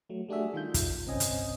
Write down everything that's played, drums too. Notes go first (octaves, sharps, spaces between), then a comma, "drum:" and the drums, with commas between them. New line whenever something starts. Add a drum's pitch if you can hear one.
F#3 A3
G3 A3 D4 F#4 G#4 E5
D#3 F4 G6
drum: kick, hi-hat
G1 C2 C4 C#4 D#5 G#5
drum: hi-hat